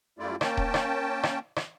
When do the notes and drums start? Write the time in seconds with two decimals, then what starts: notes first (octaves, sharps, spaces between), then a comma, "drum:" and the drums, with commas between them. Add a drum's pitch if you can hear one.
0.19 F#2 G3 A3 E4 F4 D5
0.41 A#3 C#4 G5 A5, drum: rim click
0.57 drum: kick D#1
0.74 drum: rim click
1.23 drum: rim click
1.56 drum: rim click